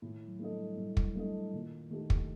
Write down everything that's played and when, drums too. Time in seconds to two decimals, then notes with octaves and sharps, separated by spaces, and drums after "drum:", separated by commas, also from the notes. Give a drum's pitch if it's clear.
0.02 A2 D#3
0.28 F#3
0.39 A3 D4 A4 D#5
0.53 G3
0.77 A2 G3
0.97 drum: kick
1.08 F#3
1.15 G3 A3 D4 A4 D#5
1.53 A#2 D#3
1.91 D#3 A3 D#4 G4
2.10 drum: kick